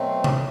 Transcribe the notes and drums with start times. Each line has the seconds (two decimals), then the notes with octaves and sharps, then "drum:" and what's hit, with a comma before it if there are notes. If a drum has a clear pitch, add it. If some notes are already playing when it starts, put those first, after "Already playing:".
Already playing: B2 F#3 A3 C4
0.24 drum: tom C3